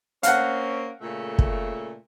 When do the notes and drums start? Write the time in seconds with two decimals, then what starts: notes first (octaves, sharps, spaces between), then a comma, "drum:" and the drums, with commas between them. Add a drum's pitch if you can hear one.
0.23 A#3 C4 C#4 F5 F#5, drum: hi-hat
1.01 A#2 C#3 A3
1.39 drum: kick